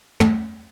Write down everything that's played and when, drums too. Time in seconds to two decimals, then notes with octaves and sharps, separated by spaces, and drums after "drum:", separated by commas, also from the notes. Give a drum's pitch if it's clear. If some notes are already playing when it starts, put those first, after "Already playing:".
0.20 A3, drum: tom